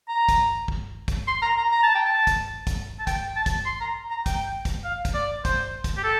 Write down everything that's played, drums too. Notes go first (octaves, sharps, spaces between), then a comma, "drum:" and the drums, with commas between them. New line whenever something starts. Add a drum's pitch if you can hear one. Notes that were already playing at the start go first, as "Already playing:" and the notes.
A#5
drum: kick, hi-hat
drum: kick
drum: kick, hi-hat
C6
A#5
A#5
A#5
A5
G5
A5
drum: kick, hi-hat
drum: kick, hi-hat
A5
G5, drum: kick, hi-hat
A5
drum: kick, hi-hat
C6
A#5
A#5
G5, drum: kick, hi-hat
drum: kick, hi-hat
F5
drum: kick, hi-hat
D5
C5, drum: kick, hi-hat
drum: kick, hi-hat
G4
A4